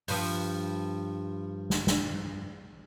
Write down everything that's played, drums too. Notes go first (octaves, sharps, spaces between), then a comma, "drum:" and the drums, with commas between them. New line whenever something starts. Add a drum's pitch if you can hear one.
G2 F3, drum: open hi-hat
drum: snare
drum: snare